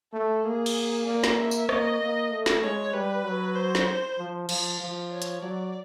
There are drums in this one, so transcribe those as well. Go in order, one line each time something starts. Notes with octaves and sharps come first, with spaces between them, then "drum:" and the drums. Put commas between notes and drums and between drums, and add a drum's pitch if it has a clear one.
A3 A4
A#3 G#4
drum: cymbal
A#3 D5
drum: snare
E5
drum: tambourine
A#3 D#5, drum: rim click
A#3
A3
drum: snare
G#3 C#5
G3 B4
F#3
C5
drum: snare
F3
F3, drum: cymbal
F3
C#5
drum: hi-hat
F#3 D5